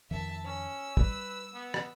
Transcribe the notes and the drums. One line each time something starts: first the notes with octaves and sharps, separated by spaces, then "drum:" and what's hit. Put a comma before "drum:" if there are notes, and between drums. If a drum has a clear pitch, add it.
F2 D#3 F3 E5 A5
C#4 E6
G3 B4, drum: kick
B3
drum: rim click